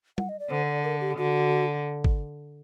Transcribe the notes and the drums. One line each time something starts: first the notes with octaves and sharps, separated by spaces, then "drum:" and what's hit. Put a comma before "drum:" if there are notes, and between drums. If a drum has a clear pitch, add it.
F#5, drum: tom G3
D#5
D5
D3 C5
D5
A#4
G4
D3 F#4
drum: kick